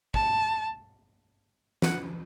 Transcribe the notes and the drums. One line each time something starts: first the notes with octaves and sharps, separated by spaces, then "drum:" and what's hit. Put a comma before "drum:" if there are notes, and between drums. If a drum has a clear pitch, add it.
A5, drum: kick
F#5, drum: snare